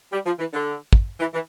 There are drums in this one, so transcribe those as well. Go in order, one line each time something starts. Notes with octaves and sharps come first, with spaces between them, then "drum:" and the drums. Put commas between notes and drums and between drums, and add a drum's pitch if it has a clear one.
G3
F3
E3
D3
drum: kick
E3
E3